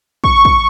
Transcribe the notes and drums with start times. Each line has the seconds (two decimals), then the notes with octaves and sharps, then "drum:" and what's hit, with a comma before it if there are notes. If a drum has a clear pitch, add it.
0.24 C#6, drum: kick
0.45 drum: kick